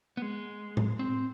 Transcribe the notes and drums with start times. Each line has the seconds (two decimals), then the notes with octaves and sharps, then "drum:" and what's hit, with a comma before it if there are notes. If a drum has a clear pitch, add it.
0.17 B3
0.22 G#3
0.77 drum: tom A2
0.99 C4